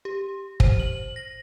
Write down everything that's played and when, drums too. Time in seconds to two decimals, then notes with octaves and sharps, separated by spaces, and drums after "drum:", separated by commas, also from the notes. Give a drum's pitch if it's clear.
0.05 G4
0.60 C5, drum: kick
0.80 F#7
1.16 A#6